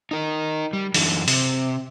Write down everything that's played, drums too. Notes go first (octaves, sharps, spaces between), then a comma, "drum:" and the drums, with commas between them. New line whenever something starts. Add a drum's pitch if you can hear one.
D#4 A#4
G3
F#2 D3 E3, drum: open hi-hat
C3, drum: open hi-hat